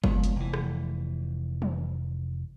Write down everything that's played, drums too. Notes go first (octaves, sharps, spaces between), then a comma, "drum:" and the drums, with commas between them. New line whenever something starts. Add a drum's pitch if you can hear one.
F3 G#3 B3, drum: kick
drum: hi-hat
F1 E3
drum: rim click
drum: tom